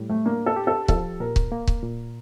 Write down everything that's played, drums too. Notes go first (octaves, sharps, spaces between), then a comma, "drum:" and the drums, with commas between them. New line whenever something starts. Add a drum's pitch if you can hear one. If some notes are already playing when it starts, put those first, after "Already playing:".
Already playing: A2 G3
A3
A#3 D4
A4
G4
A4
F3 A4, drum: kick C#1
A#2 A#4
drum: kick C#1
A#3
drum: kick C#1
A#2